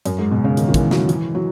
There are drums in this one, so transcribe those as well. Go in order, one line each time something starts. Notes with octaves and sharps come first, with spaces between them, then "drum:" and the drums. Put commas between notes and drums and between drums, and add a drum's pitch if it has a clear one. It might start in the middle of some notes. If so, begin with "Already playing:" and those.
F#2, drum: hi-hat
G#2
B2
C#3
D#3, drum: hi-hat
D#3
E3, drum: kick, hi-hat
F#3, drum: snare
E3, drum: hi-hat
F#3